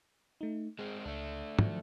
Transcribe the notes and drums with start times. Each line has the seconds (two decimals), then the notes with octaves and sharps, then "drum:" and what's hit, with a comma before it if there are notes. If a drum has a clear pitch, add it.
0.41 A3 D#4
0.79 G#3 C4 G#4
1.05 C#2 A3 D4
1.59 D#3 F3 F#3, drum: tom